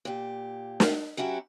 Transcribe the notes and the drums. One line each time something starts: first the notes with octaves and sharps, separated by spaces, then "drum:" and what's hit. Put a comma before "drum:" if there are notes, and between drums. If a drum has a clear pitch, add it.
A#2 G4
drum: snare
F#3 C#4 E4 F#4 G4